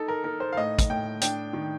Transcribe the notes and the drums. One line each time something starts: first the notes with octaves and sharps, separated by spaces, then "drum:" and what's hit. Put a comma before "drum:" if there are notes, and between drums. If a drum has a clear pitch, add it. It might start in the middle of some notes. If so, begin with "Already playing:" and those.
Already playing: D#4 A4
A#4
D#4 A#4
C5
F5
A2 D#5
drum: kick, hi-hat
A2 G5
D4 G5, drum: hi-hat
D#3